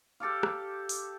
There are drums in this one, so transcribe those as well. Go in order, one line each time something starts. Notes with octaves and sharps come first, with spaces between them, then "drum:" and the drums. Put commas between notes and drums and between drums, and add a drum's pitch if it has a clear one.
G4 A4 D5 F5
drum: rim click
drum: open hi-hat